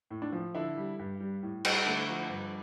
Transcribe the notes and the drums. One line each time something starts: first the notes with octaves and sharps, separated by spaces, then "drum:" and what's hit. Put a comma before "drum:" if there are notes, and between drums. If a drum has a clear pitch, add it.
A2
D4
F3
D3 E4
G3
G2
G3
A2
G3, drum: cymbal
D3 A3
F3
G2